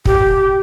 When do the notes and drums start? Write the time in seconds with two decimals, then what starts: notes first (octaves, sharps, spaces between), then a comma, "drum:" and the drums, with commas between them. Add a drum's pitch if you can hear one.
0.05 G4, drum: kick